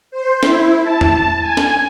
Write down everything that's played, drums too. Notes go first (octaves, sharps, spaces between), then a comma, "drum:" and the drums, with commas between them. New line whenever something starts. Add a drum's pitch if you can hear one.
C5
E4, drum: snare
A5
drum: tom E2
G#5
drum: snare